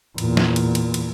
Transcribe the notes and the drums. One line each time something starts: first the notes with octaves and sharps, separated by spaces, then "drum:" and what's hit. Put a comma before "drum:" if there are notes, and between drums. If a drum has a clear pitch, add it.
E2 A#2, drum: cymbal
drum: snare
drum: cymbal
drum: cymbal
drum: cymbal